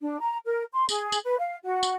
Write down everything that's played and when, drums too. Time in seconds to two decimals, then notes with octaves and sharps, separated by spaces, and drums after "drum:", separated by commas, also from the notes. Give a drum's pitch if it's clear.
0.01 D4
0.20 A#5
0.45 A#4
0.73 C6
0.89 G#4, drum: tambourine
1.12 drum: tambourine
1.23 B4
1.39 F5
1.63 F#4
1.83 drum: tambourine